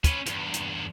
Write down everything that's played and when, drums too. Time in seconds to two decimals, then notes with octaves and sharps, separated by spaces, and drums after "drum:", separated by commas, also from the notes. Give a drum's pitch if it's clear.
0.04 C#4 B4, drum: kick, hi-hat
0.26 E2 G2, drum: hi-hat
0.54 drum: hi-hat